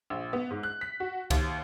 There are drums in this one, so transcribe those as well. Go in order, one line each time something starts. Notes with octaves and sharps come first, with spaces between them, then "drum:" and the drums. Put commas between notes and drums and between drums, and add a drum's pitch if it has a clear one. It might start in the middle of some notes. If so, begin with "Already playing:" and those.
A#1
B3
G#2
F#6
B6
F#4
D#2, drum: kick C#2, cymbal